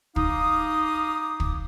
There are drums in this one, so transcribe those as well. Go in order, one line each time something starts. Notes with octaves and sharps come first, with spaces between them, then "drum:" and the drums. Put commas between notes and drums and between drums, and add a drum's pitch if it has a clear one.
D#4 F5 D6 D#6, drum: kick
drum: kick